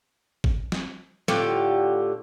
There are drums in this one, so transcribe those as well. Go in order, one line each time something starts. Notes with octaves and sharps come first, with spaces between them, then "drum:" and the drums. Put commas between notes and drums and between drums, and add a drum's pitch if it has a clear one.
drum: kick G#1
drum: snare
A2 D3 F4 G4, drum: snare